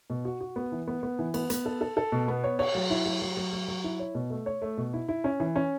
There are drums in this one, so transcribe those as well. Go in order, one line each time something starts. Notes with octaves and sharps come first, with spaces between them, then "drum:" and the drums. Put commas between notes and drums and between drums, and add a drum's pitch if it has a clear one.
B2
F#4
F#4
B3
E3
B3
B3
E3
B3, drum: cymbal
B3, drum: hi-hat
A4
A4
A4
B2
B3
C#5
C#5, drum: cymbal
F#3
E4
F#3
F#3
F#3
F#3
F#3
E4
C#5
B2
A3
C#5
A3
B2
E4
E4
C#4
E3
C#4